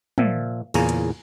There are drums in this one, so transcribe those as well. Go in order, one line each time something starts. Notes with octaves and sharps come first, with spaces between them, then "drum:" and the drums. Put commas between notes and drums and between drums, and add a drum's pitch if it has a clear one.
A#2 F3 E5, drum: tom
E2 A#2 C#3 C#4 A#5, drum: cymbal
drum: hi-hat